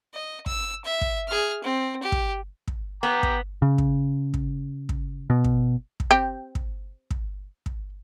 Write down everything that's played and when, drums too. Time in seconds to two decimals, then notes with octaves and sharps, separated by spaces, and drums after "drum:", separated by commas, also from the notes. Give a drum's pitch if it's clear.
0.14 D#5
0.46 E6, drum: kick
0.85 E5
1.01 drum: kick
1.28 G#4 F6
1.63 C4
2.03 G4
2.12 drum: kick
2.68 drum: kick
3.03 B3 G5 A#5 D6
3.23 drum: kick
3.62 C#3
3.78 drum: kick
4.34 drum: kick
4.89 drum: kick
5.30 B2
5.44 drum: kick
6.00 drum: kick
6.11 C4 G4
6.55 drum: kick
7.11 drum: kick
7.66 drum: kick